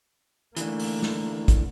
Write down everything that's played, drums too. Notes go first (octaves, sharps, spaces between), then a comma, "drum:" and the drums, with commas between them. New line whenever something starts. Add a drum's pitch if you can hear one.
D3 E3 A3 A#3, drum: hi-hat
drum: open hi-hat
drum: snare
drum: kick, hi-hat